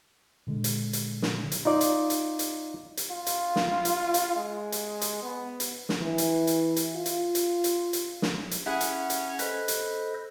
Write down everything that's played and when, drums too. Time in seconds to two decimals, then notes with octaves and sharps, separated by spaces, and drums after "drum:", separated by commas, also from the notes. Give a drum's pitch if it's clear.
0.47 A#2 D3 G#3
0.64 drum: hi-hat
0.93 drum: hi-hat
1.22 drum: snare
1.52 drum: hi-hat
1.65 D#4 F4 D5
1.81 drum: hi-hat
2.10 drum: hi-hat
2.39 drum: hi-hat
2.97 drum: hi-hat
3.11 F4
3.27 drum: hi-hat
3.56 drum: snare
3.85 drum: hi-hat
4.14 drum: hi-hat
4.36 G#3
4.72 drum: hi-hat
5.01 drum: hi-hat
5.23 B3
5.60 drum: hi-hat
5.89 drum: snare
6.02 E3
6.18 drum: hi-hat
6.47 drum: hi-hat
6.76 drum: hi-hat
6.96 F4
7.06 drum: hi-hat
7.35 drum: hi-hat
7.64 drum: hi-hat
7.93 drum: hi-hat
8.22 drum: snare
8.51 drum: hi-hat
8.66 C#4 E4 G#4 F#5
8.81 drum: hi-hat
9.10 drum: hi-hat
9.39 A4 B4 C5 D#5, drum: hi-hat
9.68 drum: hi-hat